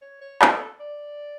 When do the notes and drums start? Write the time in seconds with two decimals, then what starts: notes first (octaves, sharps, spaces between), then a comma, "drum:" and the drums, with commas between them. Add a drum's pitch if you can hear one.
0.02 C#5
0.21 C#5
0.42 drum: clap
0.54 A4
0.80 D5